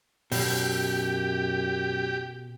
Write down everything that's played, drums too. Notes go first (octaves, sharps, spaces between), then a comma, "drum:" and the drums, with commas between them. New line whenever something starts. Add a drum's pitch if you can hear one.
F#2 B2 G4, drum: open hi-hat